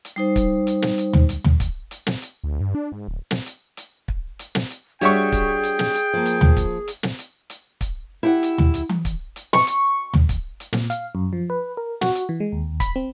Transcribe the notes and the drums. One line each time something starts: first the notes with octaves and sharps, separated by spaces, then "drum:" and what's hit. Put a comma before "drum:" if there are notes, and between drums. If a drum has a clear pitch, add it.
drum: hi-hat
G3 D#4 C5
drum: kick, hi-hat
drum: hi-hat
drum: snare
drum: hi-hat
drum: tom
drum: hi-hat
drum: tom
drum: kick, hi-hat
drum: hi-hat
drum: snare
drum: hi-hat
D2
G2
D4
G#2
D1
drum: snare
drum: hi-hat
drum: hi-hat
drum: kick
drum: hi-hat
drum: snare
drum: hi-hat
G3 D4 F#4 G#4 C#5 E5 G5 C#6, drum: hi-hat
drum: kick, hi-hat
drum: hi-hat
drum: snare
drum: hi-hat
F3 A#3
drum: hi-hat
drum: tom
drum: kick, hi-hat
drum: hi-hat
drum: snare
drum: hi-hat
drum: hi-hat
drum: kick, hi-hat
E4 G4 F#5
drum: hi-hat
drum: tom
drum: hi-hat
drum: tom E3
drum: kick, hi-hat
drum: hi-hat
C#6, drum: snare
drum: hi-hat
drum: tom
drum: kick, hi-hat
drum: hi-hat
A#2, drum: snare
F5, drum: hi-hat
F#2
F3
B4
A#4
F#4, drum: snare
drum: hi-hat
E3
G#3
D#2
B5, drum: kick, hi-hat
C4